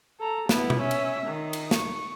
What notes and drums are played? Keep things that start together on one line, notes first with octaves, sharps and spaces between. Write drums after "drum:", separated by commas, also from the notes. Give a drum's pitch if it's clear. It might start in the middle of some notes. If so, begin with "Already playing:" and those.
A4 A#5
B3 E4, drum: snare
drum: tom B2
C#4 E5
drum: cymbal
D#3
drum: cymbal
C#6, drum: snare